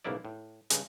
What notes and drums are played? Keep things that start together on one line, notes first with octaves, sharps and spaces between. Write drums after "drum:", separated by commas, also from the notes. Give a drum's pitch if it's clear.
B1 G#2 C#3 A#3 E4 D5
A2
G2 C#3 G#3, drum: hi-hat